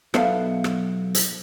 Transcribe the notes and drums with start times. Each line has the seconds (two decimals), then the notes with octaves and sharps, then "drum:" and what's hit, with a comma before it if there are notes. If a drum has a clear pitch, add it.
0.14 B1 B2 B3 A4 E5 F5, drum: rim click
0.64 drum: rim click
1.15 drum: hi-hat